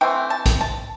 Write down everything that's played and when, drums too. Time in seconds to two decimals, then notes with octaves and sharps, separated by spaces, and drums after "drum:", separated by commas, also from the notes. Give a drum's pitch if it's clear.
0.01 E3 A3 C4 G5
0.30 A5
0.46 drum: kick A#1, hi-hat
0.61 A5